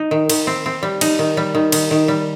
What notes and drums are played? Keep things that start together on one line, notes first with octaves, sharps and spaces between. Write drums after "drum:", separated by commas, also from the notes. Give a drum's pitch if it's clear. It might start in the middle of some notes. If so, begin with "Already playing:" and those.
Already playing: D#4
D#3
D#3, drum: cymbal
C4
C4
G3
D#4, drum: cymbal
D#3
G3
D#3
D#3, drum: cymbal
D#3
G3